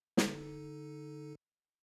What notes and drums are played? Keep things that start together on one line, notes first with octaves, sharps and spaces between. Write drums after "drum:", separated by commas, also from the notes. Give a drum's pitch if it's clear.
D3 D#4 A4, drum: snare